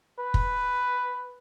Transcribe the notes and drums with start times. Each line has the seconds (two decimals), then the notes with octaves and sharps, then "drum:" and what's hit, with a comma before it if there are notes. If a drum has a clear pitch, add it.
0.19 B4
0.34 drum: kick